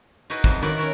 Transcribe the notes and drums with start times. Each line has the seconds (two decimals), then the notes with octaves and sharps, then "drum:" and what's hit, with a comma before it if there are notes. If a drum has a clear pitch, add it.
0.30 D#4 E4 F#4 G#4 B4
0.44 F2 F3, drum: kick
0.62 D#3 E4 F#4 G4 B4 D5
0.78 C#4 E4 F#4 A#4